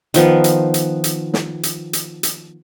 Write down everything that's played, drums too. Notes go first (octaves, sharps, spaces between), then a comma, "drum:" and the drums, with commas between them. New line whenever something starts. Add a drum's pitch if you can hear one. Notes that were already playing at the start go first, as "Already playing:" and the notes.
D#3 F3 B3, drum: hi-hat
drum: hi-hat
drum: hi-hat
drum: hi-hat
drum: snare
drum: hi-hat
drum: hi-hat
drum: hi-hat